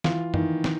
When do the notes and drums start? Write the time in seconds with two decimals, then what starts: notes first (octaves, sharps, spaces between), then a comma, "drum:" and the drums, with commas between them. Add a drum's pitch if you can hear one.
0.04 E3 F4, drum: snare
0.34 D#3 E3, drum: tom F#2
0.64 drum: snare